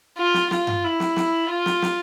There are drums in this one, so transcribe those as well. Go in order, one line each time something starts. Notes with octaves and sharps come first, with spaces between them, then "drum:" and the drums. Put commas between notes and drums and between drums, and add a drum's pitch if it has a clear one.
F4
drum: snare
F4, drum: snare
drum: tom G2
E4
drum: snare
drum: snare
F4
drum: snare
drum: snare